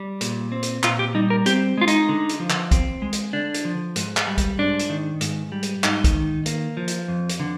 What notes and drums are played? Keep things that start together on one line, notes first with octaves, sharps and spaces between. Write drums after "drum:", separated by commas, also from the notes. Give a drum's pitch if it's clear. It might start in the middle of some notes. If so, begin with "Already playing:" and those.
Already playing: G3
A#2, drum: hi-hat
C4
drum: hi-hat
A#2 F4, drum: clap
G4
G3 D#4
A#4
C4 G4, drum: hi-hat
G#3 F4
D#4, drum: hi-hat
D3
drum: hi-hat
F3
drum: clap
C4, drum: kick B1, hi-hat
G#3
drum: hi-hat
D3 D4
drum: hi-hat
F3
G#2, drum: hi-hat
drum: clap
G3
drum: kick B1, hi-hat
G#2 D4
drum: hi-hat
D#3
G#2, drum: hi-hat
G3
drum: hi-hat
G#2 D#4, drum: clap
drum: kick B1, hi-hat
D#3
A#3, drum: hi-hat
F3
drum: hi-hat
F2
drum: hi-hat
D3